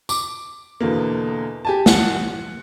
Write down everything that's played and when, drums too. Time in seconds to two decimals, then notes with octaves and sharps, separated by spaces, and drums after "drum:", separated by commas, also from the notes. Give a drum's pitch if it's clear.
0.09 D6, drum: tambourine
0.81 E2 B2 D3 A#3
1.65 G4 G#5 A5
1.86 F#5, drum: snare